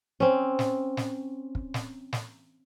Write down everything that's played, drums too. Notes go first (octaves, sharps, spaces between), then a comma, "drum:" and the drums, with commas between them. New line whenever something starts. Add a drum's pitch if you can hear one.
C4 C#4
drum: snare
drum: snare
drum: kick
drum: snare
drum: snare